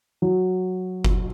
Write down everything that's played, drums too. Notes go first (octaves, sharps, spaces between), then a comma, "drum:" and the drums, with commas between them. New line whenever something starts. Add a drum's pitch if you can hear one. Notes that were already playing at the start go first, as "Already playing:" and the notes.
F#3
drum: kick F#1